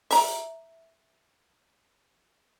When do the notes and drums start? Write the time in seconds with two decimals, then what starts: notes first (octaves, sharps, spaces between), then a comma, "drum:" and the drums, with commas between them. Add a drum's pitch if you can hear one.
0.11 E5 A#5, drum: open hi-hat